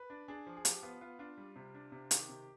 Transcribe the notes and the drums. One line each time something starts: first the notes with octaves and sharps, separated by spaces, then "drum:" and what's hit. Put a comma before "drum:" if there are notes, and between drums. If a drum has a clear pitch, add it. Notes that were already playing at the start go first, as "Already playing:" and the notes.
Already playing: B4
D4
D4 G#4
F3
G#4
F3 G4, drum: hi-hat
B3 F4
B3 F4
D4 F4
G3
C3
D4
C3
D#3 G4, drum: hi-hat
C3